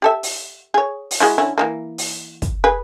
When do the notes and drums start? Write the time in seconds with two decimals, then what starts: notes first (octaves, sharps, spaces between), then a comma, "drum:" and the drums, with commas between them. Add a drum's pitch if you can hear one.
0.02 G4 A4 E5
0.23 drum: open hi-hat
0.74 G#4 C#5
1.11 drum: open hi-hat
1.20 G#3 E4 F#4
1.38 D3 C#4 E4
1.58 E3 F3 A#3
1.98 drum: open hi-hat
2.42 drum: kick, hi-hat
2.64 G#4 B4